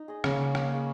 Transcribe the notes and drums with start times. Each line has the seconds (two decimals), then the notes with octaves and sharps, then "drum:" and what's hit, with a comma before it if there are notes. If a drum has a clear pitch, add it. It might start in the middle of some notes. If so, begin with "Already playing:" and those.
Already playing: D#4
0.08 G#4 D#5
0.24 C#3 A#3, drum: rim click
0.39 C#4 G#4
0.55 A#3, drum: rim click
0.70 C#4 G#4